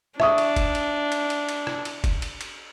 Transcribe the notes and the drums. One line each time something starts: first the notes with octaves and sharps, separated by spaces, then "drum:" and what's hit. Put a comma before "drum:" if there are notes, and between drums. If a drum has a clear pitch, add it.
D4 E5 C#6 D#6, drum: rim click
drum: cymbal
drum: kick, cymbal
drum: cymbal
drum: cymbal
drum: cymbal
drum: cymbal
drum: rim click
drum: cymbal
drum: kick, cymbal
drum: cymbal
drum: cymbal